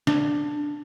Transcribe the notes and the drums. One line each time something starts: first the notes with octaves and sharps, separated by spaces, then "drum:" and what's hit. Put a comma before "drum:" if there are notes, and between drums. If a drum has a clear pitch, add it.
D4, drum: snare